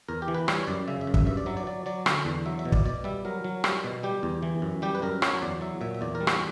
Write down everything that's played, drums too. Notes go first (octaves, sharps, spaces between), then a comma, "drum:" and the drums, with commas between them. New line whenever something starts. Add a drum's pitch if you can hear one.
E2 A#4
G4
E3
B4
G3 C#5, drum: rim click
F#2 D5
C#3 E5
E5
F#2
E5, drum: kick
G2 E5
D5
F#3 E5
D5
F#3 D5
F#3 D5
D3, drum: rim click
E2
F#3 E5
E5
B2
D5, drum: kick
B2 D5
G3 E5
F#3 A#4
F#3
G3, drum: rim click
B2
G3 G4
E2
E3
F#2
G3 G4
B4
F#2 A#4
F#3 C#5, drum: rim click
E2 D5
F#3 E5
A#2 E5
E5
E2 D5
A#4
G3
F#4, drum: rim click